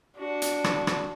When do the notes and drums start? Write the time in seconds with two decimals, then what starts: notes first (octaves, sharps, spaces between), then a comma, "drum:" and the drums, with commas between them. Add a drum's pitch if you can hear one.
0.19 D4 F#4
0.42 drum: hi-hat
0.64 drum: rim click
0.87 drum: rim click